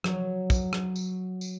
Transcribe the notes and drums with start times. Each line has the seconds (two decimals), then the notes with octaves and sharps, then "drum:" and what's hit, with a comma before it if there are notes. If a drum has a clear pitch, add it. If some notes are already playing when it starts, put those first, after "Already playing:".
0.04 F#3, drum: rim click
0.50 drum: kick, tambourine
0.73 drum: rim click
0.96 drum: tambourine
1.41 drum: tambourine